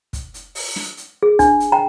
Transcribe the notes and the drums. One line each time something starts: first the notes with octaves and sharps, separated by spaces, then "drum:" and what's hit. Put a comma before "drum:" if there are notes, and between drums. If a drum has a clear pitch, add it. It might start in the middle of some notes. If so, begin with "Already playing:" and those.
drum: kick, hi-hat
drum: hi-hat
drum: open hi-hat
drum: snare
drum: hi-hat
G#4
D4, drum: kick, hi-hat
drum: hi-hat
G5 A#5